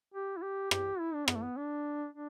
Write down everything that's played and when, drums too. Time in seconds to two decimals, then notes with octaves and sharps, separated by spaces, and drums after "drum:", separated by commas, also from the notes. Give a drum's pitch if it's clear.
0.14 G4
0.37 E4
0.42 G4
0.71 G4, drum: rim click
0.99 E4
1.14 D4
1.28 B3, drum: rim click
1.36 A3
1.43 B3
1.57 D4
2.13 D4